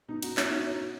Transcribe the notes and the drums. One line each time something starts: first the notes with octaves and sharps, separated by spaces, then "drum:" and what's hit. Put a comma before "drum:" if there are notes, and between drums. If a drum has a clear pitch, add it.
B2 D#4
D#4 F#4, drum: cymbal
C#4 E4, drum: clap
D#4 F#4